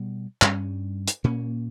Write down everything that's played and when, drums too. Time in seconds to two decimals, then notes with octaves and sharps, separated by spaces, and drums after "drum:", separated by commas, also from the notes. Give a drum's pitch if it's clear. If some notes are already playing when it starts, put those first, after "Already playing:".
Already playing: B2 G3 B3
0.42 G2 G3 C#4, drum: clap
1.08 drum: hi-hat
1.24 A#2 A#3 C#4